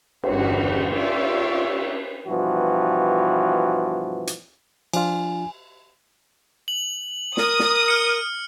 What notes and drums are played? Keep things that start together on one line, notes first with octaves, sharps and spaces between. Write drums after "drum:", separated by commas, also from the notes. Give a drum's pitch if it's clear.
G1 E2 C#3 G3 F#4, drum: cymbal
F4 G4 C#5 D5 E5 F5
G2 B2 E3 F3 F#4
drum: hi-hat
F3 D4 F4 G#5, drum: cymbal
F#7
A#4 D#6, drum: snare
drum: snare
F6 C#7